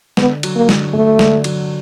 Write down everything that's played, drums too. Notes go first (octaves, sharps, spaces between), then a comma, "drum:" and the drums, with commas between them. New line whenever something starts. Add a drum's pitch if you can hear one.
D3 B3, drum: snare
F#3, drum: cymbal
A#3
D3, drum: snare
D3 A3
D3, drum: snare
F#3, drum: cymbal